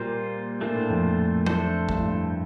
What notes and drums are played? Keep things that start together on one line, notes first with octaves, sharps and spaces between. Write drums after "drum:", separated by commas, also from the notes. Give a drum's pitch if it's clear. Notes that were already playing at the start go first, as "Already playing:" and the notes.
Already playing: A#2 G3 A#3 F4 C5
A#2 A3 D4 F4 C5
A2
F2
A3 D4 A4 C5, drum: tom F#3
G2, drum: kick
A2
G2